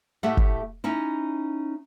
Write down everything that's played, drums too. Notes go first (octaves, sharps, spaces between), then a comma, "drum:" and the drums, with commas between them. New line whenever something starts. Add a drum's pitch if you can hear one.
A2 A3 G4 A4 E5 F#5
drum: kick
C#4 D#4 E4